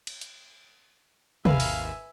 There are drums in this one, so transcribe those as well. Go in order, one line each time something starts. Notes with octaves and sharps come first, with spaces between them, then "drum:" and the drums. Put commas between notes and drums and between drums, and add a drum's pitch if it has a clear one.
drum: cymbal
drum: hi-hat
G#1 D#2 A#3 B4 E5 F5 G#5, drum: tom
drum: open hi-hat